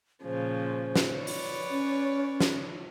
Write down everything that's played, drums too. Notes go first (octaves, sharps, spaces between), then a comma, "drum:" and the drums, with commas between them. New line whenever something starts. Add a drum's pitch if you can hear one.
A#2 C#3 F3 C5
drum: snare
B4 C#5 D5
drum: open hi-hat
C#4
drum: snare